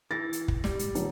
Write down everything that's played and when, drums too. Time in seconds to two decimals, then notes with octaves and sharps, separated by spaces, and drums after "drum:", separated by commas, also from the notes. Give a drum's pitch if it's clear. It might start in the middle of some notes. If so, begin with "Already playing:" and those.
0.11 E3 A6 A#6
0.33 drum: hi-hat
0.48 drum: kick
0.64 G3, drum: snare
0.79 drum: hi-hat
0.95 D#1, drum: hi-hat